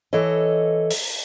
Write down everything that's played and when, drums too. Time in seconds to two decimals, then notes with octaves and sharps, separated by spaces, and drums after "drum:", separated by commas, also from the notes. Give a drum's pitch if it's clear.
0.13 E3 A4 C#5 D#5
0.91 drum: open hi-hat